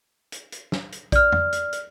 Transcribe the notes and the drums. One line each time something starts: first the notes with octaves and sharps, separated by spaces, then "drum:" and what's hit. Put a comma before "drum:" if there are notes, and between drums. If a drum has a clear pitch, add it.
drum: hi-hat
drum: hi-hat
drum: snare
drum: hi-hat
D5 F6, drum: kick, hi-hat
drum: tom F2
drum: hi-hat
drum: hi-hat